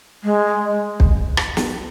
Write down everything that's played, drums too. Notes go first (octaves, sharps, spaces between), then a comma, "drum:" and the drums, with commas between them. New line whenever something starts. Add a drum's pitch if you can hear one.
G#3
drum: kick
drum: rim click
drum: snare